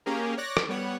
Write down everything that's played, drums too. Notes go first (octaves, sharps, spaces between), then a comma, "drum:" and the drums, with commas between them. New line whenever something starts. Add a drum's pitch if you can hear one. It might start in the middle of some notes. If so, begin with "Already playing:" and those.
A#3 C#4 G4 G#4 A#4
C#5 D5 F#6 A#6
drum: rim click
G3 B3 C#5 F#5